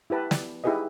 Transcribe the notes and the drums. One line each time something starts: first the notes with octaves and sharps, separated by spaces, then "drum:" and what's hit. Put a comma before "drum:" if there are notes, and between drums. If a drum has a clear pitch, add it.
E4 G4 B4 A5
D5, drum: snare
D#4 E4 G4 G#4 B4 D#5